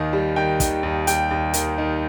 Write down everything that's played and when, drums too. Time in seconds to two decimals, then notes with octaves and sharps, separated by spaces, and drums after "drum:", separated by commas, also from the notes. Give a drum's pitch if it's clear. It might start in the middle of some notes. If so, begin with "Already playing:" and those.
Already playing: D#2 D#3 D#5
0.13 G3
0.36 D#3 G5
0.60 D#3, drum: kick, hi-hat
0.83 D#2
1.07 G3 G5, drum: hi-hat
1.31 D#2
1.54 D#3, drum: hi-hat
1.78 D#3